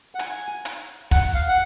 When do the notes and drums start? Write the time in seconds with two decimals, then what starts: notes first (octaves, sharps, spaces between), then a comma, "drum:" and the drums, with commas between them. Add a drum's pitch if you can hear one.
0.15 F#5
0.19 G#5, drum: hi-hat
0.65 drum: hi-hat
1.11 F#5, drum: kick, hi-hat
1.34 F5
1.48 F#5